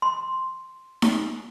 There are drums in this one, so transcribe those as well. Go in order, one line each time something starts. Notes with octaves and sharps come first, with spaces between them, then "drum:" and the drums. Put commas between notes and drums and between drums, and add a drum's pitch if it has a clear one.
C6
drum: snare D#4